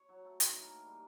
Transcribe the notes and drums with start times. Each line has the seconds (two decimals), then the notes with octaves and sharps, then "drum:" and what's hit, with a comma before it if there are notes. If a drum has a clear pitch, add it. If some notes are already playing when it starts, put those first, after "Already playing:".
Already playing: C#5
0.09 F#3
0.25 A3
0.40 D#3, drum: hi-hat
0.55 E3 A#4
0.70 A#3
0.86 G3